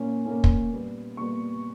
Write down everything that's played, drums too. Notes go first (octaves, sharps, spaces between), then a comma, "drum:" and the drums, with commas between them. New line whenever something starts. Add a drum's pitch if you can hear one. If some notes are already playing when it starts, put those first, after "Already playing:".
Already playing: A#2 A#3 C#4
A#2 A#3 C#4
drum: kick
A#2 G3 B3
A#2 G3 B3 C#6